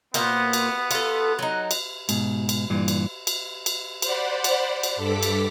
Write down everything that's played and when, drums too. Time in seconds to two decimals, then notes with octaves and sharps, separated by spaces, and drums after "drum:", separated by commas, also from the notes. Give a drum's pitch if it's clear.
0.14 A#2 A#3 B3 C5, drum: cymbal
0.53 drum: cymbal
0.91 F4 A4, drum: cymbal
1.39 F#3 D#4
1.71 drum: cymbal
2.09 G#2 B2, drum: cymbal
2.49 drum: cymbal
2.70 G2 A#2 E3
2.88 drum: cymbal
3.27 drum: cymbal
3.66 drum: cymbal
4.02 C5 D5 F#5 B5, drum: cymbal
4.44 drum: cymbal
4.83 drum: cymbal
4.96 G2 A4 D6 B6
5.23 drum: cymbal